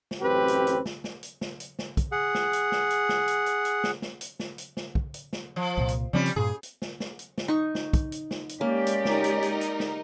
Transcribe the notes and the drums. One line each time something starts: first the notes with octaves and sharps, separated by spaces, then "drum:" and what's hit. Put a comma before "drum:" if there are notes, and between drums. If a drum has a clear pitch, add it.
drum: snare
A1 F#2 C4 G4 B4
drum: hi-hat
drum: hi-hat
drum: snare
drum: snare
drum: hi-hat
drum: snare
drum: hi-hat
drum: snare
drum: kick, hi-hat
G#4 F#5
drum: snare
drum: hi-hat
drum: snare
drum: hi-hat
drum: snare
drum: hi-hat
drum: hi-hat
drum: hi-hat
drum: snare
drum: snare
drum: hi-hat
drum: snare
drum: hi-hat
drum: snare
drum: kick
drum: hi-hat
drum: snare
F3
C2 A#2
drum: hi-hat
C#3 F3 G3 C4 C#4
drum: hi-hat
G2 A#2 G#4
drum: hi-hat
drum: snare
drum: snare
drum: hi-hat
drum: snare
D#4 C#6
drum: snare
drum: kick, hi-hat
drum: hi-hat
drum: snare
drum: hi-hat
G#3 A#3 C#4 G4 D5
drum: hi-hat
D#4 A#4, drum: snare
drum: hi-hat
drum: hi-hat
drum: hi-hat
drum: snare